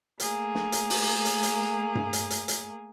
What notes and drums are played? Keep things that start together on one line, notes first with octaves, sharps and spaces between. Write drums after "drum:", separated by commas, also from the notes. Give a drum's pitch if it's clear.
A3 A#3 G#4, drum: hi-hat
drum: snare
drum: hi-hat
drum: open hi-hat
drum: hi-hat
drum: hi-hat
drum: tom G2
drum: hi-hat
drum: hi-hat
drum: hi-hat